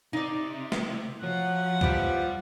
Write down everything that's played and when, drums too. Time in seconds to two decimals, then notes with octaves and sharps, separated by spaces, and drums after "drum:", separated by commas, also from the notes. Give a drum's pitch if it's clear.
0.13 C3 D#4 D5
0.72 drum: snare
1.23 F3 F#3 F#5
1.81 F3 G3 B3 G4 D5 E5, drum: kick